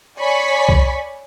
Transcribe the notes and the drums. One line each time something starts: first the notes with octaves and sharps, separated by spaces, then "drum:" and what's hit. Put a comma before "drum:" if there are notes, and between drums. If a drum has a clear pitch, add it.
C#5 D5 G#5 B5 C#6 B6
drum: kick C2